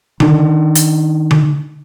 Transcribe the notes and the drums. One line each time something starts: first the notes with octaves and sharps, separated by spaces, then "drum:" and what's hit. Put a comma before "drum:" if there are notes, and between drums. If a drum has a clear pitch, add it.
D#3 D4, drum: tom D3
drum: hi-hat
drum: tom D3